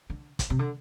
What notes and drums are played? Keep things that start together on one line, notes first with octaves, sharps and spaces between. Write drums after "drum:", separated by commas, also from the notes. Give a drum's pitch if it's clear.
D3
drum: kick, hi-hat
C3
D3